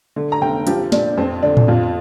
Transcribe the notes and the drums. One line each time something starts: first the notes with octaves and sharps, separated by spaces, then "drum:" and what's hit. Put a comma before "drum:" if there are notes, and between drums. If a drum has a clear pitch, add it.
D3
A#5
F1 G5
F3 G4, drum: hi-hat
A#2 D4, drum: snare
F2 C4
D3 D4
drum: tom A2
F2 F4